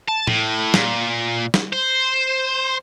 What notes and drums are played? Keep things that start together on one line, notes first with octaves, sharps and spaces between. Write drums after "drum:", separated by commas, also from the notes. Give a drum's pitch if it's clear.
A5
A2, drum: tom A2
A#2, drum: snare
drum: snare
C5